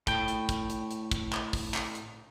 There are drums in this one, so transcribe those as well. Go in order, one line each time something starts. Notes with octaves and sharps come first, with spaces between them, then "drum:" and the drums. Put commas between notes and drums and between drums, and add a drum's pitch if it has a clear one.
A2 G5, drum: kick, hi-hat
drum: hi-hat
drum: kick, hi-hat
drum: hi-hat
drum: hi-hat
drum: kick, hi-hat
drum: clap
drum: kick, open hi-hat
drum: clap
drum: hi-hat